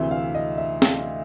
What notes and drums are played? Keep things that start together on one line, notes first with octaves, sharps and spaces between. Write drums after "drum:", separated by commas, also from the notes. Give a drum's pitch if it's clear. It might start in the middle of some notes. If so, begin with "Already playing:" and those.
Already playing: D2 C3 E3 E5
F5
D#5
E5
F5, drum: snare